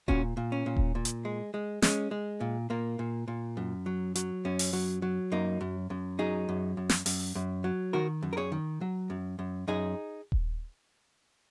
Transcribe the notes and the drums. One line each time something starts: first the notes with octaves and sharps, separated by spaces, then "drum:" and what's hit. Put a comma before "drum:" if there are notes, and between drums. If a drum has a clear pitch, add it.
A#2 C#4 F#4, drum: kick D#1
A#2
C#4
A#2
drum: kick D#1
A#2
drum: hi-hat
G#3
G#3
G#3 C#4, drum: snare
G#3
A#2
A#2 A#3
A#2
A#2
F#2
F#3
F#3, drum: hi-hat
F#2 C#4
drum: open hi-hat
F#3
F#3
F#2 A#3 D#4
F#2
F#2
F#3 D#4 G#4
F#2
F#2
drum: snare
F#2, drum: open hi-hat
F#2
F#3
D#3 F#4 A#4
F#2
A#4
G#4 C#5
D#3
F#3
F#2
F#2
F#2 D#4 G#4
drum: kick D#1